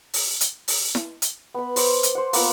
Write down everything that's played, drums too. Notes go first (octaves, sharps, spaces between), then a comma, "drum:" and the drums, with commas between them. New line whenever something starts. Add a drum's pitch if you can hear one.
drum: open hi-hat
drum: hi-hat
drum: open hi-hat
drum: snare E4
drum: hi-hat
B3 B5
C5 D6, drum: open hi-hat
drum: hi-hat
C5 F#5
A#3 B3 F4, drum: open hi-hat